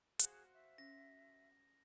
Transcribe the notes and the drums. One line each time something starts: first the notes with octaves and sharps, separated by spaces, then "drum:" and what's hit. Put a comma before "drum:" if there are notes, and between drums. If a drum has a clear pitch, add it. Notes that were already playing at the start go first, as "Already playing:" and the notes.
F#4 G#4 C5 F5, drum: hi-hat
E5
C#4 A#6